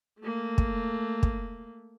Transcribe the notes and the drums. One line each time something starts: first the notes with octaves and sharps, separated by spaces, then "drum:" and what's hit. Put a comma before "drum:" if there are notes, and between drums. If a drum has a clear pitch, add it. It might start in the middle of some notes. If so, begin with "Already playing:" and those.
A3 A#3
drum: kick
drum: kick